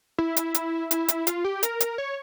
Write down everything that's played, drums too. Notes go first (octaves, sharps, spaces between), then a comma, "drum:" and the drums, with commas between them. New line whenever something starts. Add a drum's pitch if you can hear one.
E4
drum: hi-hat
drum: hi-hat
E4, drum: hi-hat
drum: hi-hat
F4, drum: hi-hat
G4
A#4, drum: hi-hat
drum: hi-hat
C#5